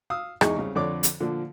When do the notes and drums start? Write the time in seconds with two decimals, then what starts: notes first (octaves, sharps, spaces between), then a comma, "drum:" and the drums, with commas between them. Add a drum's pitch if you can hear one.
0.10 F5 D#6 E6
0.41 E2 G#3 D#4 G#4 G#5 C#6, drum: rim click
0.56 C2 C#3
0.75 F2 D3 C#5 D5 D6
1.03 drum: hi-hat
1.20 A#2 D3 F3